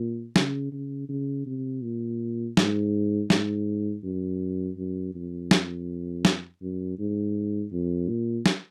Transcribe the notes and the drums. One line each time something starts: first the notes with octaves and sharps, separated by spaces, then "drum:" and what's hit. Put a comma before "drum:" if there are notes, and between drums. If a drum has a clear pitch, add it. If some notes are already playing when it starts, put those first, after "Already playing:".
Already playing: A#2
C#3, drum: snare
C#3
C#3
C3
A#2
G#2, drum: snare
G#2, drum: snare
F#2
F#2
F2
drum: snare
drum: snare
F#2
G#2
F2
A#2
drum: snare